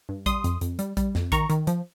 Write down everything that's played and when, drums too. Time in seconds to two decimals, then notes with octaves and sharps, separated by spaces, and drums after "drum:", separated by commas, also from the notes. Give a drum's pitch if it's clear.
0.09 G2
0.26 G3 C6 D#6, drum: kick A#1, hi-hat
0.44 F2, drum: hi-hat
0.61 F2, drum: hi-hat
0.79 G3, drum: hi-hat
0.97 G3, drum: kick A#1, hi-hat
1.15 F2, drum: snare
1.32 D#3 A#5 C#6, drum: kick A#1, hi-hat
1.50 D#3, drum: hi-hat
1.67 F3, drum: hi-hat